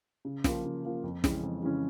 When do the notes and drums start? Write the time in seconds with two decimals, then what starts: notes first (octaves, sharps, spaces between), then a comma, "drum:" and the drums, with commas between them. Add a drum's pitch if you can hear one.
0.25 C#3
0.44 F3 A#3 F4, drum: snare
0.65 C#3
0.84 F3 A#3 F4
1.04 F2
1.24 C#3 E3 G#3 C#4, drum: snare
1.43 F2
1.63 C#3 E3 G#3 C#4